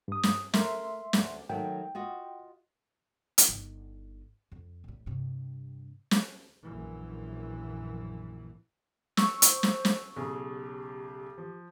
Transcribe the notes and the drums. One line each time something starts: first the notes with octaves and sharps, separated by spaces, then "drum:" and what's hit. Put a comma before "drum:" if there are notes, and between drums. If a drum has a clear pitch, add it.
G2 D#6
drum: snare
A3 A#4 E5 C6, drum: snare
D2 D5, drum: snare
D#3 F#3 A3 G5
F4 F#4 D#5
drum: hi-hat
G1 D#4
F2
A2 G3
G2 C3
drum: snare
A#1 F#2 E3
C#6 E6, drum: snare
C5, drum: hi-hat
drum: snare
drum: snare
B1 C#3 G4 G#4
F3